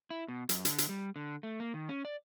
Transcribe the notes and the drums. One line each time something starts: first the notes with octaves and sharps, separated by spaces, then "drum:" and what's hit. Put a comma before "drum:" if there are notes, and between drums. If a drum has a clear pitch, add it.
E4
B2
F#2, drum: hi-hat
D3, drum: hi-hat
drum: hi-hat
G3
D3
A3
A#3
D#3
C#4
D5